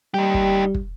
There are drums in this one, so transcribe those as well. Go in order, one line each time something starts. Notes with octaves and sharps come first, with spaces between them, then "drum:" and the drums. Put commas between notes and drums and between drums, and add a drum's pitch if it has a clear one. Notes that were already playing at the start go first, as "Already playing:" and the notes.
G3 D#4 G4
drum: kick
drum: kick